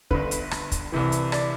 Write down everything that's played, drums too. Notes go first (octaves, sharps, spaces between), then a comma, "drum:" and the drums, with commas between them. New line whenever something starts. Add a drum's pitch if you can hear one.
G1 G2 D3 B4, drum: kick
drum: hi-hat
drum: rim click
drum: kick, hi-hat
C2 C3 E3
drum: hi-hat
D5, drum: rim click